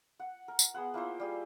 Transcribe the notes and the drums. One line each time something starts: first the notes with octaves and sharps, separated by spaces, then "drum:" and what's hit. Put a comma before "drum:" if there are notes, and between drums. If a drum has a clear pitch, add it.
F#5
A#4
drum: tambourine
B3 G#4 C5 F#5
A#3 E4 F4 C5
G3 G#4